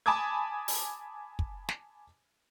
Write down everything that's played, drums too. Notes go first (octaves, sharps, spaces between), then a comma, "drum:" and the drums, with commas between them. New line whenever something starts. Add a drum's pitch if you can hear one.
G#5 A5 B5 D6 D#6 G#6
drum: open hi-hat
drum: kick
drum: snare